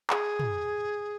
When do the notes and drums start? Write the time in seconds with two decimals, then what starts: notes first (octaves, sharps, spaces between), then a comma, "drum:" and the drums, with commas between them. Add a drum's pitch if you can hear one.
0.10 G#4, drum: clap
0.39 drum: tom